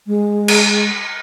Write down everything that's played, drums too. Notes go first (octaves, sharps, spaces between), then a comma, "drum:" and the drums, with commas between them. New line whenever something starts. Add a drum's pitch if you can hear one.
G#3
drum: cymbal